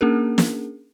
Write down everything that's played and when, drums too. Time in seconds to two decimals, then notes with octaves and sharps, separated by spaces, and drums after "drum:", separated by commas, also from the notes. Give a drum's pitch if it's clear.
0.01 A#3 C#4 D4 G#4 A#4
0.38 drum: snare